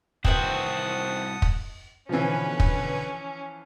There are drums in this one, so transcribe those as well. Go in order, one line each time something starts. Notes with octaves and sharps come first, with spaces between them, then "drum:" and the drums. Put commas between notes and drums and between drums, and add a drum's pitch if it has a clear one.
C2 D#3 E3 C4 F#4 F#5 A5 D#6, drum: kick
drum: kick
B2 D3 E3 F3 C#4 B4
drum: kick